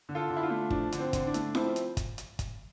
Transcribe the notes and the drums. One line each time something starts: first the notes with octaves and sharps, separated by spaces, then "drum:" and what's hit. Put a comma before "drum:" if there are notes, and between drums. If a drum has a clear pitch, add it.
D3
F4 A4
D3
E4
D4 F4
A3
F3 D4, drum: kick
D3, drum: hi-hat
C4
D3, drum: kick, hi-hat
D4
A3, drum: hi-hat
F3 C4 E4, drum: snare F4
drum: hi-hat
drum: kick, hi-hat
drum: hi-hat
drum: kick, hi-hat